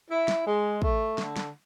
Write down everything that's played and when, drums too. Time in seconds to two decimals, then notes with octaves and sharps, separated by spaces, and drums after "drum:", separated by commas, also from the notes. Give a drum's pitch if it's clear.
0.10 E4
0.28 drum: snare
0.46 G#3
0.82 A3, drum: kick
1.18 D3, drum: snare
1.36 drum: snare